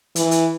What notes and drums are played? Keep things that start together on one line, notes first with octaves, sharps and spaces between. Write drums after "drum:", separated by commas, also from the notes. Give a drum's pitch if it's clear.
E3, drum: hi-hat
drum: hi-hat